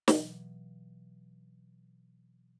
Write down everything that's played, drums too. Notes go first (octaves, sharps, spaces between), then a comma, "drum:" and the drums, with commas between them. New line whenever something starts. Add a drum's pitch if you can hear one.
B2 E3 F#3, drum: snare